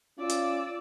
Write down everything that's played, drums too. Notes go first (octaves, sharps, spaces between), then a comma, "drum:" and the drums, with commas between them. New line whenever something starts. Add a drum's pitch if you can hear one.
C#4 F4 D5 E6
drum: hi-hat